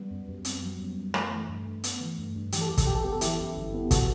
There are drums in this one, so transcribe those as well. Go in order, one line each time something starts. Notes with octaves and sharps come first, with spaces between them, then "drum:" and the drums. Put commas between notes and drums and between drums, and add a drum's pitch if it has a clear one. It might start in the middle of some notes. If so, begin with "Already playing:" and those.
Already playing: G3 B3
F#2
F#2
C4, drum: hi-hat
F#3
F#2
F#2
A3 B3, drum: rim click
E3
G2
G2
B3, drum: hi-hat
E3
G2
G2
E3 G4, drum: hi-hat
A4
F#2 G4
A4, drum: kick, hi-hat
G1 G4
A4
B3 G4
A4
E3 E4 G4, drum: hi-hat
F#2
G1
B3
E3 F#4 A4, drum: kick, hi-hat